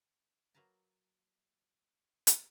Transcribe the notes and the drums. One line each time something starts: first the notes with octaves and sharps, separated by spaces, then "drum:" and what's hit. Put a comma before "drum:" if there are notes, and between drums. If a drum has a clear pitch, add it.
F#3 A#3 B4 A5 A#5
drum: hi-hat